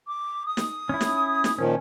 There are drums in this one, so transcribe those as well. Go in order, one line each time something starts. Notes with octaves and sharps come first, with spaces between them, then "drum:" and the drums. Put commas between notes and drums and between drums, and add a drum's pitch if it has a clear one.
D6
D#6
drum: snare
C#4 E4
drum: snare
drum: snare
A#2 D#3 F3 C#4